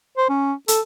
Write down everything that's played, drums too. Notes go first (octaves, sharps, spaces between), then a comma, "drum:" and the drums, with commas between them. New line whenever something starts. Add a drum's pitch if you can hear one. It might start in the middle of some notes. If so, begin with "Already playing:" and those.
C5
C#4
A4, drum: hi-hat